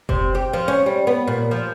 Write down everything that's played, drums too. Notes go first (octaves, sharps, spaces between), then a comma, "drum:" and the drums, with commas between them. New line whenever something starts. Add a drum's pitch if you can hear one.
C3, drum: kick F#1
G4
F3
C#4
G3
B3
A#2
F3